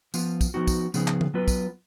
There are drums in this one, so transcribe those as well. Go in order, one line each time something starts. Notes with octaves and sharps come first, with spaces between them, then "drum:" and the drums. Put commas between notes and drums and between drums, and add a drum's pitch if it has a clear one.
F3 B3 F4, drum: tambourine
drum: kick, tambourine
F3 B3 D#4 F#4
drum: kick, tambourine
C#3 F3 B3 D#4 G#4, drum: tambourine
drum: clap
drum: tom
F#3 B3 F4 B4
drum: kick, tambourine